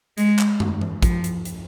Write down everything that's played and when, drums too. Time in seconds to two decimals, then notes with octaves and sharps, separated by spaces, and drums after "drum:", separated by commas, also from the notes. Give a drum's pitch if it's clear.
0.18 G#3, drum: hi-hat
0.39 drum: clap
0.60 drum: tom
0.81 drum: tom
1.03 F3, drum: kick, hi-hat
1.24 drum: hi-hat
1.45 drum: hi-hat